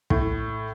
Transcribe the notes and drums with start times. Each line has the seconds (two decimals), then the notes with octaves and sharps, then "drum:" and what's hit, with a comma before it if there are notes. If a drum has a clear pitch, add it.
0.10 A2, drum: kick